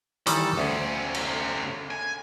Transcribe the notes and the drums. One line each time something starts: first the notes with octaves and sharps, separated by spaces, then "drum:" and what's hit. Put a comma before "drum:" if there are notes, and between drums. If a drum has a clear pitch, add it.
D#3 E3 G3 A4, drum: hi-hat
D2 C3 C#4
drum: cymbal
G#5